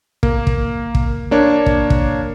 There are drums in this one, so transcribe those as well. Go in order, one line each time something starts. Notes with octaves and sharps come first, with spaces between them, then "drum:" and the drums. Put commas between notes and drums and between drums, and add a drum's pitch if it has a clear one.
A#3, drum: kick
drum: kick
drum: kick
A#3 D4 C#5
drum: kick
drum: kick